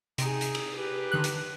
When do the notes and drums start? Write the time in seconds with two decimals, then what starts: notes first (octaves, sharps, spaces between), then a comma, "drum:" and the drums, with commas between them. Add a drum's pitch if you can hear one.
0.18 C3 D#4 G#4, drum: hi-hat
0.41 drum: hi-hat
0.55 drum: cymbal
0.76 G4 B4
1.11 D3 D#3 F#6
1.24 drum: hi-hat